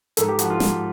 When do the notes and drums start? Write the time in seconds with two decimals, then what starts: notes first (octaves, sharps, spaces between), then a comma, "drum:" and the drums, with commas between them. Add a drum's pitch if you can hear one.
0.17 G#2 A4, drum: hi-hat
0.28 G4
0.39 F3 F#4, drum: hi-hat
0.50 F4
0.60 G#2, drum: snare